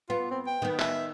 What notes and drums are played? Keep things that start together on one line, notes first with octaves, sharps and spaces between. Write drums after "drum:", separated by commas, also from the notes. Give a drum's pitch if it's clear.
B3 F4
C4
G5
D#3 B3
E5, drum: clap